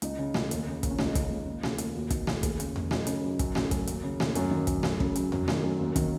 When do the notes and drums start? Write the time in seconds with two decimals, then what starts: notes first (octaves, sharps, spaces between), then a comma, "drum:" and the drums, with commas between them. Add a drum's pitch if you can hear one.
0.02 C#2 D#4, drum: hi-hat
0.19 C#3
0.34 C#2, drum: snare A3
0.51 D#2, drum: hi-hat
0.67 C#3
0.83 D#2, drum: kick, hi-hat
0.91 C#4
0.99 C#2 D#4, drum: snare A3
1.15 C#3, drum: kick, hi-hat
1.30 C#2
1.47 D#2
1.63 C#3, drum: snare A3
1.78 D#2, drum: hi-hat
1.95 D#2 F#4
2.10 D#3, drum: kick, hi-hat
2.27 D#2, drum: snare A3
2.43 D#2 G#4, drum: kick, hi-hat
2.60 C#3, drum: hi-hat
2.76 D#2, drum: tom E2
2.91 F#2 D#4, drum: snare A3
3.07 C#3, drum: hi-hat
3.23 F#2
3.39 F#2, drum: kick, hi-hat
3.55 C#3, drum: snare A3
3.71 F#2, drum: kick, hi-hat
3.87 D#2, drum: hi-hat
4.04 C#3
4.20 D#2, drum: snare A3
4.35 F#2 C#4, drum: hi-hat
4.51 D#3
4.67 F#2, drum: kick, hi-hat
4.83 F#2, drum: snare A3
5.00 C#3, drum: kick
5.15 F#2, drum: hi-hat
5.32 F#2, drum: tom E2
5.48 D#3, drum: snare A3
5.63 F#2
5.79 D#2
5.96 D#3, drum: kick, hi-hat